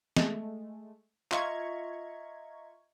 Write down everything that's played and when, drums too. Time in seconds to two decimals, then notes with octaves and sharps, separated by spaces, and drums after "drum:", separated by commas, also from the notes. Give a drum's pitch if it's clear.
0.17 G#3 A3, drum: snare
1.32 F4 D#5 E5 A#5 C#6 G#6, drum: clap